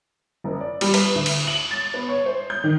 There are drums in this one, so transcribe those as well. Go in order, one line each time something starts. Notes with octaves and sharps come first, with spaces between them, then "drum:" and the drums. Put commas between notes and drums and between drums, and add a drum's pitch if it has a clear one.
F#1
D5
G3, drum: cymbal
B4, drum: cymbal
D2
drum: cymbal
F#7
A6
B3
C#5
C5
G6
D#3